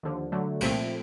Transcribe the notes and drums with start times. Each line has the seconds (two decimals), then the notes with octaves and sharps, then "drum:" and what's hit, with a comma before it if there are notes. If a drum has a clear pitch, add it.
0.03 D#2 D3 F3
0.32 D3 F#3 A3
0.61 C2 A#2 F3 A3 C4, drum: cymbal